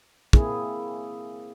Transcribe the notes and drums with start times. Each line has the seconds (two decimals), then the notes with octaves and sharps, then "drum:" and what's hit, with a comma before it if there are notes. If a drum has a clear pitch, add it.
0.33 A#3 C4 E4 G#4, drum: kick